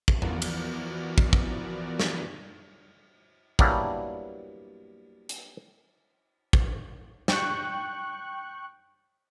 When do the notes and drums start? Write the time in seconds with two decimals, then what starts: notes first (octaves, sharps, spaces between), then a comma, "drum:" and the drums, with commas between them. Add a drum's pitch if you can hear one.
0.08 drum: kick
0.22 E3 F3 B3 F#4 A#4 D5, drum: tom E2
0.42 drum: cymbal
1.18 drum: kick
1.33 drum: kick
2.00 drum: snare
3.59 F#3 G3 A#3 B3 D4 E4, drum: kick
5.29 drum: hi-hat
6.53 drum: kick
7.28 G5 C#6 F#6, drum: snare